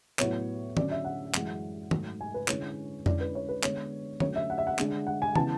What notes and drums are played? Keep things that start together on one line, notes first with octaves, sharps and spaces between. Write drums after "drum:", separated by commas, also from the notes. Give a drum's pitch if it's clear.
A2 F#3 B3 C#5, drum: clap
D3 F#3 C#4 D5, drum: tom
E5
F#5
F#2 E3 G#3, drum: clap
G#2 F#3 A3, drum: tom
G#5
B4
D3 G#3 C#4 E4 C#5, drum: clap
D3 G#3 C#4 E4 D5, drum: tom F2
B4
C#5
B4
D3 G#3 B3 C#5, drum: clap
D3 F#3 A3 C#4 C#5, drum: tom
E5
F#5
E5
F#5
D3 G#3 D4, drum: clap
F#5
G#5
C#3 E3 B3 E4 A5, drum: tom